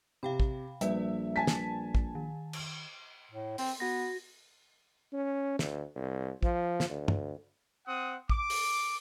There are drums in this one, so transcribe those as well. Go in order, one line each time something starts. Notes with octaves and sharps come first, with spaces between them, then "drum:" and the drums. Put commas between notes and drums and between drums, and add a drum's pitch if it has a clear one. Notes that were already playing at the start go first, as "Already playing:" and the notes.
C3 F5 G5 B5
drum: kick
A#1 G3 B4 D5 E5, drum: hi-hat
G#5 A5 B6
drum: snare
drum: kick
D#3
drum: cymbal
A2
C4, drum: open hi-hat
B3 F#4 A#6
C#4
D2, drum: snare
C2
F3, drum: kick
drum: snare
D2
drum: tom
C4 F#5 D#6
D6, drum: kick
drum: open hi-hat